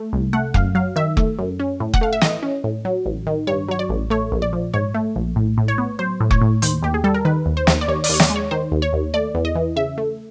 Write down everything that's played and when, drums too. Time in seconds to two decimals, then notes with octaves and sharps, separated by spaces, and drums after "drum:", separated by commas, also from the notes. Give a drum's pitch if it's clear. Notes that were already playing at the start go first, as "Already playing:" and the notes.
Already playing: A3
0.13 C2
0.33 A3 F#5
0.54 F#2 F5, drum: kick F1
0.75 F#3 F5
0.96 D#3 E5
1.17 A3, drum: kick F1
1.39 F#2
1.60 C#4
1.80 A2
1.94 F#5, drum: kick F1
2.01 A3 F5
2.13 E5
2.21 E3 D#5, drum: snare
2.43 C#4
2.64 A2
2.85 F#3
3.06 A1
3.27 D#3
3.47 G2 C#5
3.68 F#3 C#5
3.79 D5
3.89 A1
4.10 A3 C#5
4.32 A#1
4.42 D5
4.53 F3
4.74 G#2 C#5
4.94 A3
5.16 A#1
5.36 A2
5.58 A2
5.68 C#5
5.78 B3
5.99 F#3 C5
6.20 A2
6.31 C#5, drum: kick F1
6.41 A2
6.62 D#2 C5, drum: hi-hat
6.83 D#2 G4
6.94 G#4
7.04 G3 A4
7.14 A#4
7.25 D#3 B4
7.46 D#2
7.57 C5
7.67 D#2, drum: snare
7.81 D5
7.88 D#2 C#5
8.04 D5, drum: open hi-hat
8.09 D#2 C#5
8.20 D5, drum: snare
8.30 G#3
8.36 C#5
8.51 D#3 C5
8.72 D#2
8.82 C#5
8.93 D#2
9.14 A3 D5
9.35 E2
9.45 D#5
9.55 E3
9.76 C#3 E5
9.98 A3